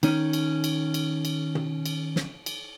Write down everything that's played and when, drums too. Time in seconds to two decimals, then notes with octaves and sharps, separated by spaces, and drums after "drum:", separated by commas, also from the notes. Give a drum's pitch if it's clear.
0.03 D#3 C#4, drum: cymbal
0.33 drum: cymbal
0.64 drum: cymbal
0.94 drum: cymbal
1.25 drum: cymbal
1.55 drum: tom
1.86 drum: cymbal
2.16 drum: snare
2.46 drum: cymbal